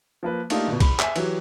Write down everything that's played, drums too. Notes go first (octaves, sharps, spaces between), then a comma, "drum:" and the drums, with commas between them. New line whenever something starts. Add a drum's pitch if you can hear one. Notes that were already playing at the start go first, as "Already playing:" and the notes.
F3 A#3 B4
A3 A#3 D4 D#4 F4 G4, drum: cymbal
G1 B2
B5, drum: kick, cymbal
E5 G#5, drum: clap
E3 F#3 G4, drum: cymbal